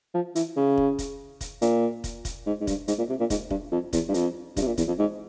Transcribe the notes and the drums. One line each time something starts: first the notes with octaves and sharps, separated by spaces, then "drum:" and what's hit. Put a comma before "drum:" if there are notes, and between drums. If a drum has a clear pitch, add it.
F3
E3, drum: hi-hat
C#3
drum: kick
drum: kick, hi-hat
drum: kick, hi-hat
A#2, drum: hi-hat
drum: kick, hi-hat
drum: kick, hi-hat
G#2
G#2
G2, drum: kick, hi-hat
G#2, drum: hi-hat
A#2
C3
A#2
G#2, drum: kick, hi-hat
G2, drum: kick
F2
E2, drum: kick, hi-hat
G2
F2, drum: hi-hat
G2, drum: kick, hi-hat
C3
A#2
E2, drum: kick, hi-hat
F2
G#2